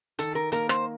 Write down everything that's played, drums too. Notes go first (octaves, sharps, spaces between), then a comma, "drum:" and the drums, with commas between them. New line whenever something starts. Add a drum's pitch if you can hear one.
D#3 A4, drum: hi-hat
A#4
A#3 A#4, drum: hi-hat
C5, drum: rim click